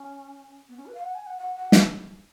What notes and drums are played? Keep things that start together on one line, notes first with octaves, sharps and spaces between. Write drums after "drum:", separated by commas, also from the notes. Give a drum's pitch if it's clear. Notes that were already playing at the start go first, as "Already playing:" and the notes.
Already playing: C#4
B3
C#4
B4
F5
F#5
G#5
F#5
F#5
F#5
drum: snare